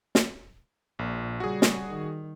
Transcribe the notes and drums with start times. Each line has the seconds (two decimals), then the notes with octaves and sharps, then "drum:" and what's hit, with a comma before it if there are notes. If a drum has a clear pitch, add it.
0.15 drum: snare
0.99 A#1 A#2
1.40 C#3 G3 F#4 G#4
1.62 drum: snare
1.88 D#3